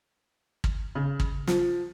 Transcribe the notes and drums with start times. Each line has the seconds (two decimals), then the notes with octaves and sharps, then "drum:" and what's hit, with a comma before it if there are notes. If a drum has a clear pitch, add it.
0.64 drum: kick
0.95 C#3
1.20 drum: kick
1.47 F3, drum: snare